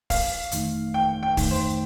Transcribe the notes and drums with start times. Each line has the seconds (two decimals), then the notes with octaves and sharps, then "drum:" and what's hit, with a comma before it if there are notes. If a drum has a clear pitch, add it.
0.10 G1 F5, drum: kick, open hi-hat
0.51 F2 D#3 A3 D#4, drum: hi-hat
0.94 G1 G5
1.23 G5
1.37 F2 D#3 A3 D#4, drum: kick, open hi-hat
1.51 C5